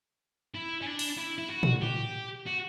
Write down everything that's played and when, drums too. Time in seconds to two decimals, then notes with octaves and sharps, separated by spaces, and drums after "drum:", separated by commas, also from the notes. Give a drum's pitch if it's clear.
0.55 E4
0.82 C#4
0.86 D4
0.99 drum: open hi-hat
1.18 E4
1.38 E4
1.50 F#4
1.63 drum: tom
1.82 G4
2.46 F#4